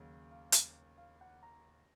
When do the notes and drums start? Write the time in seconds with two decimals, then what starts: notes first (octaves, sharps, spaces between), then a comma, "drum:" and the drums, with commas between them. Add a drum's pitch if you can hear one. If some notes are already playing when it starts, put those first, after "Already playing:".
Already playing: D#2 C#3 F#3 C#4
0.31 F5
0.52 drum: hi-hat
0.98 F5
1.21 F#5
1.43 A#5